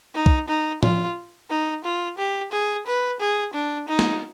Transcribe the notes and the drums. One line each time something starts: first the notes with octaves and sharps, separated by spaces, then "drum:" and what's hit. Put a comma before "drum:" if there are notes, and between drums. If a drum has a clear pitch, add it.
D#4
drum: kick
D#4
F4, drum: tom
D#4
F4
G4
G#4
B4
G#4
D4
D#4
drum: snare